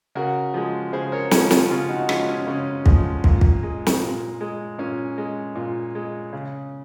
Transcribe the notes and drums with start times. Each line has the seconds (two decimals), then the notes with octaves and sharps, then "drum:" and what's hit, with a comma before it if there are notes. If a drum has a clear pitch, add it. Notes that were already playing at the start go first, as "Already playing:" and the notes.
0.15 C#3 F#4 A#4
0.54 F3 G#3
0.93 C#3 G#4 C5
1.12 A#4 C#5
1.31 F3 G#3 C#4 F4, drum: snare
1.51 C#4 F4, drum: snare
1.70 C#3 C#4 F4
1.89 D#4 F#4
2.09 F3 G#3 C#4 F4, drum: rim click
2.29 C#4
2.47 C#3 C#4
2.86 F3 G#3, drum: kick
3.24 A#2, drum: kick
3.41 drum: kick
3.63 G#3
3.86 drum: snare
4.02 A#2
4.41 G#3
4.78 A#2 C#4
5.18 G#3
5.56 A#2
5.95 G#3
6.33 C#3